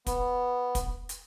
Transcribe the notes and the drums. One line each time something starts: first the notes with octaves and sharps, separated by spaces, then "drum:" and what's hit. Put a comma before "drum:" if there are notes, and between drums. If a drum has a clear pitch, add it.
B3, drum: kick, hi-hat
drum: kick, hi-hat
drum: hi-hat